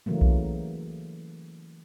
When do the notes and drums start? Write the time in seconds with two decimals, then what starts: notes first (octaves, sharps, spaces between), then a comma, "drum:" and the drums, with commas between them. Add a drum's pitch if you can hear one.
0.06 C#3 E3 F#3 A3 A#3
0.21 drum: kick B1